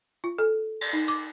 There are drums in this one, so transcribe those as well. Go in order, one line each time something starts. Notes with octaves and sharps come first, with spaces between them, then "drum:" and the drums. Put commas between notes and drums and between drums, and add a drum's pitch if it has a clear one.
F4
A4
drum: cymbal
D#4
D6